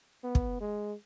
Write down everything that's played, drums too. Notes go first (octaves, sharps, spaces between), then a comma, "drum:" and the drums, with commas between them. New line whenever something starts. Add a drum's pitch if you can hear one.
B3
drum: kick
G#3